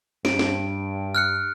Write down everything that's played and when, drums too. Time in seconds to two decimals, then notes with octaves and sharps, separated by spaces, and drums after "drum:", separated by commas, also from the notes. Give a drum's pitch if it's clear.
0.25 G2 D7, drum: snare
0.39 drum: snare
1.15 F6 F#6 C#7